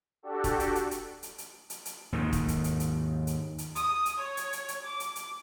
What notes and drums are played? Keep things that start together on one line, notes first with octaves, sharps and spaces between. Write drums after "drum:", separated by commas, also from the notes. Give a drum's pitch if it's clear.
D4 F#4 G4 A4
drum: kick, hi-hat
drum: hi-hat
drum: hi-hat
drum: hi-hat
drum: hi-hat
drum: hi-hat
drum: hi-hat
drum: hi-hat
D#2 G#2 D#3
drum: kick, hi-hat
drum: hi-hat
drum: hi-hat
drum: hi-hat
drum: hi-hat
drum: hi-hat
D#6, drum: hi-hat
drum: hi-hat
C#5
drum: hi-hat
drum: hi-hat
drum: hi-hat
D6
drum: hi-hat
drum: hi-hat